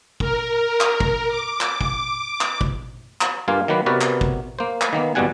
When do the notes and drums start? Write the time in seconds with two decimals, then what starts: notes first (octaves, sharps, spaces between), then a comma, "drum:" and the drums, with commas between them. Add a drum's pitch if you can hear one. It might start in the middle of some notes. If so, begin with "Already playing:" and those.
0.20 A#4, drum: kick
0.80 drum: clap
1.00 drum: kick
1.28 D6
1.61 drum: clap
1.81 drum: kick
2.41 drum: clap
2.61 drum: kick
3.21 drum: clap
3.48 G2 A#3 F4 F5 G#5
3.68 D#3 F#3 A#3 B4
3.86 C3 B3 F#4 A#4 B4 D5
4.01 drum: clap
4.21 drum: kick
4.59 A#3 C5
4.81 drum: clap
4.93 D#3 A#3 B3
5.15 G#1 E2 B2 G3 F#5 G#5